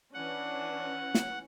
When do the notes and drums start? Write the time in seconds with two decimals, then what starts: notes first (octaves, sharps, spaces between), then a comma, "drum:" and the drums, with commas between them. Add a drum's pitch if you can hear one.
0.14 E3 C#4 D4 F#5
1.15 drum: snare